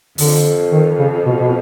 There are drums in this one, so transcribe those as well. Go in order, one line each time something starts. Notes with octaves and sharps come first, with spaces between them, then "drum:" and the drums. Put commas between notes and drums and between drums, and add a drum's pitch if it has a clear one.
F2 D3, drum: open hi-hat
D#3
C#3
B2
B2